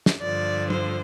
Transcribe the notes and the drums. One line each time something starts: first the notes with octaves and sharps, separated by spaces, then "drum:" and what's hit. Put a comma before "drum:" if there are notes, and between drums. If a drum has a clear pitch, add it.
drum: snare
G2 D3 F3 D5
C5, drum: tom